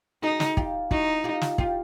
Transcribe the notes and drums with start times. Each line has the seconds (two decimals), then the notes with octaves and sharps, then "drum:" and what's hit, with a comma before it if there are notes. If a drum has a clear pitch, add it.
0.23 D#4 F#4 G#4
0.40 drum: snare
0.57 F4 G4, drum: kick
0.91 D#4 E4 F#4, drum: kick
1.24 F4 G4
1.41 drum: snare
1.58 F4 G4, drum: kick